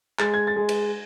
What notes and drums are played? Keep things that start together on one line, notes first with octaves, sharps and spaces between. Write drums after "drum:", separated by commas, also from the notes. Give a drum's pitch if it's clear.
G#3 A6, drum: clap
G#6
A6
G#3
drum: cymbal